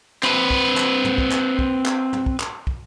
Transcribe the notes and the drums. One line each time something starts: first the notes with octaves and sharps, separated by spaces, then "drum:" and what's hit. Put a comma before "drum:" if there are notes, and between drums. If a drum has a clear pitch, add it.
C4 B4, drum: clap
drum: kick
drum: clap
drum: tom
drum: kick
drum: clap
drum: kick
drum: clap
drum: tom
drum: kick
drum: clap
drum: kick